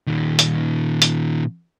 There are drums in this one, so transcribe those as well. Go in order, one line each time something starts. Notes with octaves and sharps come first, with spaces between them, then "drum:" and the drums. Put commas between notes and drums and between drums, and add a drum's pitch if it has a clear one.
A#2 D#3
drum: hi-hat
drum: hi-hat